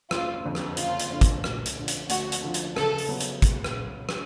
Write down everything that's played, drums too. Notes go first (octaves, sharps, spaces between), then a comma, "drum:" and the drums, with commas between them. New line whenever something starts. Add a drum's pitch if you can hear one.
F#1 F4, drum: rim click
F2 D3
drum: rim click
F#1 F4, drum: hi-hat
drum: hi-hat
F2 D3
drum: kick, hi-hat
D2, drum: rim click
drum: hi-hat
D3 F3
drum: hi-hat
D2 F#4, drum: hi-hat
drum: hi-hat
D3 F3
drum: hi-hat
C#3 A4, drum: rim click
drum: open hi-hat
F#3 B3
drum: hi-hat
drum: kick, hi-hat
drum: rim click
drum: rim click